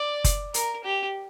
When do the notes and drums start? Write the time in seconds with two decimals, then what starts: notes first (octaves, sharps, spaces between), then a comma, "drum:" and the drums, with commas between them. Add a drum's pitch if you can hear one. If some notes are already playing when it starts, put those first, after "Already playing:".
Already playing: D5
0.24 drum: kick F#1, hi-hat
0.54 A#4, drum: hi-hat
0.84 G4